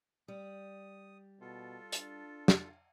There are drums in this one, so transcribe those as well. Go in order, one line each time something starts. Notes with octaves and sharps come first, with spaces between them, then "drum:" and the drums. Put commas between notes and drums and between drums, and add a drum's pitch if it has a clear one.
G3 D#6
B2 F4 A4
D4, drum: hi-hat
drum: snare